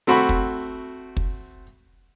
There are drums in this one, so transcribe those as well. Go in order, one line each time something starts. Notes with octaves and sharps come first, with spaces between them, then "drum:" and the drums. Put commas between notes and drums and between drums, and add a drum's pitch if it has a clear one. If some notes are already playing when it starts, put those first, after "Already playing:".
A3 C4 F#4 B5 C#6
drum: kick
drum: kick